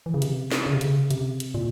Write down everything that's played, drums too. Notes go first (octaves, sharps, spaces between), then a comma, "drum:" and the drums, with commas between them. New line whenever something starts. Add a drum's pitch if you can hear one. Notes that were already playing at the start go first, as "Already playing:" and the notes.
E3
C#3
C3, drum: hi-hat
drum: snare
C#3
C3
C#3, drum: hi-hat
C3, drum: hi-hat
drum: hi-hat
A#2